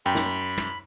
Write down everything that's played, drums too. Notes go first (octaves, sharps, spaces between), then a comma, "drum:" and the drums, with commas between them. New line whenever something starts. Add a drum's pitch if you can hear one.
F#2 G5 B5
drum: snare
drum: tom